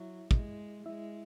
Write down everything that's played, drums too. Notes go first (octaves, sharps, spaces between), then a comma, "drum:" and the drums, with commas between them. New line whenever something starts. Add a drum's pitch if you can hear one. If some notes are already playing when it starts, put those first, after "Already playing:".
Already playing: F#3 E4 E5
G#3, drum: kick
G#3 E4 E5